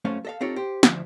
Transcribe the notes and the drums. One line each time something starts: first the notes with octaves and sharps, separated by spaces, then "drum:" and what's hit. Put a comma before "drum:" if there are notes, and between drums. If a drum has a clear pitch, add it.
F#2 A3 C#4 C5 F5
A4 D#5 F5
C4 D#4 F4 G4 A4 C#5
G4 C5
D2 F3 E5, drum: snare